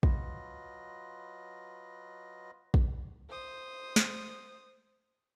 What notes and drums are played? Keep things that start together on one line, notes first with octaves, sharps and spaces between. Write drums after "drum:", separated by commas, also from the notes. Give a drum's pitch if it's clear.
F#3 F4 B4 D#5, drum: kick
drum: kick
C5 D#6
drum: snare